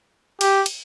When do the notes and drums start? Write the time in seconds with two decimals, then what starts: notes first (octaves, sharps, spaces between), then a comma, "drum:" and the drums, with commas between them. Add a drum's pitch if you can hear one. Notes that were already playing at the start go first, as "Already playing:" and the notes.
0.41 G4, drum: cymbal
0.66 drum: cymbal